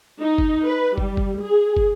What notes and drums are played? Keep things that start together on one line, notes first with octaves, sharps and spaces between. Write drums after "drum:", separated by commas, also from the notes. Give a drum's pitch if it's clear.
D#4
drum: kick
B4
G3, drum: kick
drum: kick
G#4
drum: kick